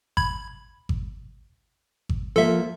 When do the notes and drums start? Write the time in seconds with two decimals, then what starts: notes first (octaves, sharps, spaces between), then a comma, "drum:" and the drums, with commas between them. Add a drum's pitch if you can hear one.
0.17 B5 G#6, drum: kick G#1
0.89 drum: kick G#1
2.09 drum: kick G#1
2.36 F3 A#3 A4 E5